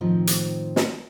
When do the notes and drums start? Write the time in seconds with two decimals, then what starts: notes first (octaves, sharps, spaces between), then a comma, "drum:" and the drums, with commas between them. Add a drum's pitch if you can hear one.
0.01 A2 D#3 F3 C4
0.27 drum: hi-hat
0.76 drum: snare